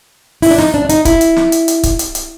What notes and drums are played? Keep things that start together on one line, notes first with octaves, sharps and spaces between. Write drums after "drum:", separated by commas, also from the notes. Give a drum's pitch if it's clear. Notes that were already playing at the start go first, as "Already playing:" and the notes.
E4, drum: open hi-hat
D4
D#4, drum: snare
D4
D4
D#4, drum: hi-hat
E4, drum: kick, hi-hat
drum: hi-hat
drum: snare
drum: hi-hat
drum: hi-hat
drum: kick, hi-hat
drum: hi-hat
drum: hi-hat